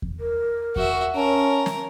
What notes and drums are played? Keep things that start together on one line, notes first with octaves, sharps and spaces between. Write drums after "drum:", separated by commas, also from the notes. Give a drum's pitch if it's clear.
drum: kick E2
A#4
F#4 E5, drum: kick E2
C#4 A#4 A5
drum: snare